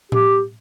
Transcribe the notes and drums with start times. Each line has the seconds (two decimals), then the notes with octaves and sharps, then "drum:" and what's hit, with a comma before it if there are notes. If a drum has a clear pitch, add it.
0.12 G4, drum: tom A2